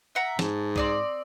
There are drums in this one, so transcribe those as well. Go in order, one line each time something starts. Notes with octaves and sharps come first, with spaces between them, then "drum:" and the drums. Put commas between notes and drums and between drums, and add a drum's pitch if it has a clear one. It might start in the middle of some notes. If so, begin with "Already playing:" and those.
E5 F#5 A#5
G#2 A5, drum: snare
C4 D5 D#6, drum: kick B1